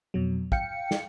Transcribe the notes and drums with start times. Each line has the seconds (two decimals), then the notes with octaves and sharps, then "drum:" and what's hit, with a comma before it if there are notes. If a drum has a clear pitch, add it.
0.14 F2 B2 F#3
0.52 F5 G5 C#7, drum: kick
0.91 drum: snare